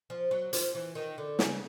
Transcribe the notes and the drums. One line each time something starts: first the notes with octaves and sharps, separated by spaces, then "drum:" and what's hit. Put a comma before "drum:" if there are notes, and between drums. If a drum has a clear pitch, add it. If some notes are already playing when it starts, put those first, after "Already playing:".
F3
F#3
F3, drum: hi-hat
E3
D#3
D3
C#3, drum: snare